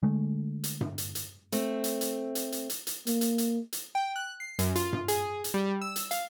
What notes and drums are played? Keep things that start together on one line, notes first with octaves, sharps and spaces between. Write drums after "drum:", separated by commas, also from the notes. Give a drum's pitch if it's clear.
D3 G#3 A3
drum: hi-hat
drum: tom G2
drum: hi-hat
drum: hi-hat
A3 C4, drum: hi-hat
drum: hi-hat
drum: hi-hat
drum: hi-hat
drum: hi-hat
drum: hi-hat
drum: hi-hat
A#3, drum: hi-hat
drum: hi-hat
drum: hi-hat
drum: hi-hat
G5
F#6
C7
F#2, drum: hi-hat
F4, drum: hi-hat
drum: tom G2
G#4, drum: hi-hat
drum: hi-hat
G3
E6
drum: hi-hat
F5, drum: hi-hat